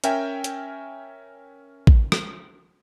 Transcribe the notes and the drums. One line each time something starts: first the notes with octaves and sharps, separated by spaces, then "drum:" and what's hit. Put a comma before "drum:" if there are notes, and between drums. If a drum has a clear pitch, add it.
C#4 A#4 E5 G5 G#5, drum: hi-hat
drum: hi-hat
drum: kick A1
drum: rim click